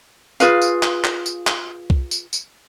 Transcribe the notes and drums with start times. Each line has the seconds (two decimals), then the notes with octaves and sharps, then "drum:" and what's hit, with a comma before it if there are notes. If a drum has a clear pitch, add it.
0.40 F4 G#4 B4 F5, drum: tambourine
0.62 drum: tambourine
0.83 drum: clap
1.04 drum: clap
1.26 drum: tambourine
1.47 drum: clap
1.90 drum: kick C2
2.11 drum: tambourine
2.33 drum: tambourine